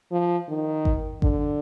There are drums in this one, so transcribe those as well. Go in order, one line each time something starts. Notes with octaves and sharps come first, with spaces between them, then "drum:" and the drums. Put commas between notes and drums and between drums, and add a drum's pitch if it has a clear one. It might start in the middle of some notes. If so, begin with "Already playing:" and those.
F3
D#3
drum: kick G#1
D3, drum: kick G#1